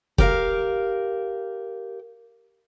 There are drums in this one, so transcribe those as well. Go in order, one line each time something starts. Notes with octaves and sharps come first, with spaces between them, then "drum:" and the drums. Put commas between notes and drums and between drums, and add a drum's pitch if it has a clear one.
G4 A#4 F5, drum: kick